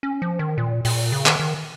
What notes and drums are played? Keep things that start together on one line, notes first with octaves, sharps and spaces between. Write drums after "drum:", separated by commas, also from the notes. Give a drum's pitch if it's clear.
C#4
F3
D#3
A#2
A#2, drum: open hi-hat
C#3
D#3, drum: clap
D#3